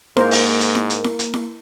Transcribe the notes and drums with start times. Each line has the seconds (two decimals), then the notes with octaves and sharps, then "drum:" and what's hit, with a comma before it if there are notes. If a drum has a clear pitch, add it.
0.17 G#2 A#3 A#4 C5, drum: snare E4
0.31 drum: open hi-hat
0.60 drum: hi-hat
0.75 drum: snare E4
0.90 drum: hi-hat
1.04 drum: snare E4
1.19 drum: hi-hat
1.34 drum: snare E4